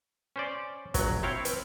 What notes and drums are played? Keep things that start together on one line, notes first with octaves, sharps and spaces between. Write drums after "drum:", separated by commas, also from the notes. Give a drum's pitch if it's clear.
C#4 C5 D5
A#1 F#3, drum: kick, hi-hat
C4 E4 C#5 F5 G5
drum: hi-hat